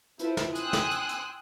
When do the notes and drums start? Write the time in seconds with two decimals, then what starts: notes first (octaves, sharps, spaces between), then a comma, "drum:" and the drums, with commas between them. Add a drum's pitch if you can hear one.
0.19 E4 F4 A4 B4 C5, drum: hi-hat
0.37 drum: snare
0.55 G5 G#5 C6 D#6 E6 F#6, drum: hi-hat
0.73 drum: snare
0.91 drum: hi-hat
1.09 drum: hi-hat